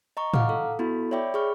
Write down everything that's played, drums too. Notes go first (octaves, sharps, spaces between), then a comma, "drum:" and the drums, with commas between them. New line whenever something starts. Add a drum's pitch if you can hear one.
D#5 A#5 C#6
F5 F#5 A#5 D6 F6, drum: tom A2
A4
B3 E4 F#4 A4 B5
C#5 D5 E5 G5 B5 D6
G#4 B5 C#6 F6